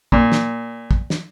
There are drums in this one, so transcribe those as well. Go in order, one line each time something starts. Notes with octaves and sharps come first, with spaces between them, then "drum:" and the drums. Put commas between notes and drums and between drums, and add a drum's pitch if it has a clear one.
A#2, drum: kick
drum: snare
drum: kick
drum: snare